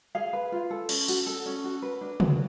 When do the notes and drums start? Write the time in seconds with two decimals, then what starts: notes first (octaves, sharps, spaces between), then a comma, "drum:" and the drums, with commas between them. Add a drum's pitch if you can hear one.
0.15 G#4 F5
0.33 B4
0.52 F4
0.71 A4
0.89 C#4, drum: cymbal
1.08 F#4, drum: open hi-hat
1.27 A4
1.46 C#4
1.64 F#4
1.82 B4
2.01 D4
2.20 F#4, drum: tom